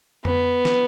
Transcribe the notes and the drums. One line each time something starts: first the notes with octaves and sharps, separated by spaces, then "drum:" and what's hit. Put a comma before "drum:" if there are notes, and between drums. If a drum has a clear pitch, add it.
B3, drum: tom F2
drum: snare